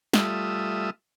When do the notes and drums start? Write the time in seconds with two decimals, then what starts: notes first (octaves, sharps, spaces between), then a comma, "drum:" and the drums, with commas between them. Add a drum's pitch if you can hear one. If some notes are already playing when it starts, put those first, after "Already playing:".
0.14 G3 A3 F4 E5 D#6, drum: snare